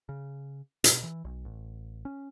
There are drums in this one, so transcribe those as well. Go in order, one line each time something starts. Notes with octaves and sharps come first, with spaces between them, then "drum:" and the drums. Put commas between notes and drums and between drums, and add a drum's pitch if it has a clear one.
C#3
B2, drum: hi-hat
E3
B1
A1
C#4